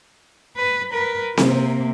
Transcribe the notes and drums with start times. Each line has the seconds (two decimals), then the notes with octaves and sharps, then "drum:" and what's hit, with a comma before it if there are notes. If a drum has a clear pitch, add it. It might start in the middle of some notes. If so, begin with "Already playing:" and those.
0.57 B4
0.91 A#4 B4
1.37 C3 A#3, drum: snare C4